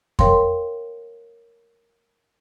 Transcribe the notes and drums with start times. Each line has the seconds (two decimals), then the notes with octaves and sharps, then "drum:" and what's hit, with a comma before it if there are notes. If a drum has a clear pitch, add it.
0.19 A#4 C#5 F5 G5 C6, drum: kick F2